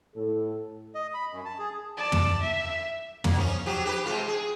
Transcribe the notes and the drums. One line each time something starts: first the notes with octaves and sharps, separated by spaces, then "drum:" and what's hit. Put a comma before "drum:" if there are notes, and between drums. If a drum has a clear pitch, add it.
A2 A4
D#5
B5
F#2
A5
G#4
D5 A5
drum: tom
E5
F#2 A#3, drum: tom
F3 C#4
F3 F#3 G4
G4 G#4 B4
C3 G#3 F4
G#4